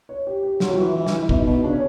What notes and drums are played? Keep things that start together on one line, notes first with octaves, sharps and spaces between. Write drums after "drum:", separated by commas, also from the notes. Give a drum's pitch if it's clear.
C#5
G4
G4
F#3 F4, drum: snare
F#4
E3 F4
E3 E4
drum: snare
E4
B2 D#4, drum: kick
B2
C#3 D4
C#4